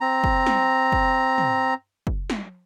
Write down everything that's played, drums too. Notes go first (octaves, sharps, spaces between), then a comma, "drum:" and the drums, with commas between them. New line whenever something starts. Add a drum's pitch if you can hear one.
C4 A#5
drum: kick
drum: snare
drum: kick
drum: tom
drum: kick
drum: snare